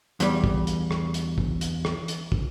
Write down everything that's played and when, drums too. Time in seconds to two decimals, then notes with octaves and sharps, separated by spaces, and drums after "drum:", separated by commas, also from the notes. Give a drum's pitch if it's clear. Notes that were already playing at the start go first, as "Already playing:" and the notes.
0.20 E2 G3, drum: hi-hat
0.44 drum: kick
0.67 drum: hi-hat
0.91 drum: rim click
1.14 drum: hi-hat
1.38 drum: kick
1.61 drum: hi-hat
1.85 drum: rim click
2.08 drum: hi-hat
2.32 drum: kick